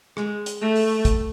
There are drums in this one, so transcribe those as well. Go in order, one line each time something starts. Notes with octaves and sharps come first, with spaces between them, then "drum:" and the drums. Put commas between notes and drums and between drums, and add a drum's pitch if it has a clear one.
G#3, drum: rim click
drum: hi-hat
A3
drum: open hi-hat
drum: kick, hi-hat